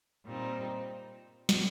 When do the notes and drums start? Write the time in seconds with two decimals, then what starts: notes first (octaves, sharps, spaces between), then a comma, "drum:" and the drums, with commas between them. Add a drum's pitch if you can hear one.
0.25 A#2 G3 C4 D#4
1.49 drum: snare